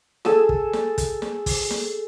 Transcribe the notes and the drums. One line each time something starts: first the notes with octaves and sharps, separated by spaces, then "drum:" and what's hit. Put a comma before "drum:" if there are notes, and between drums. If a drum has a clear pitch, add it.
G#4 A4 D#6 E6, drum: snare
drum: kick
drum: snare
drum: kick, hi-hat
drum: snare
drum: kick, open hi-hat
drum: snare